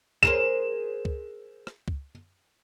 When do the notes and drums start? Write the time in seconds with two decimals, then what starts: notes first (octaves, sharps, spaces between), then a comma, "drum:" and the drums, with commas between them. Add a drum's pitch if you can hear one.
0.23 G#4 A#4 C5 E7, drum: kick C#2
1.05 drum: kick C#2
1.67 drum: rim click
1.88 drum: kick C#2